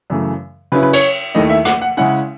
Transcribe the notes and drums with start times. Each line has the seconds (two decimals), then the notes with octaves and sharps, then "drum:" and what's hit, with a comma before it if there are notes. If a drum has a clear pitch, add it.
0.10 F#2 C#3 E3 A3
0.72 C#3 F#3 C#4 E4 B4
0.83 B4
0.93 C#5, drum: cymbal
1.35 D#2 D#3 A3 E4 D#5
1.50 E5
1.65 F#5, drum: rim click
1.82 F#5
1.97 C#3 G#3 C#4 E4 F#5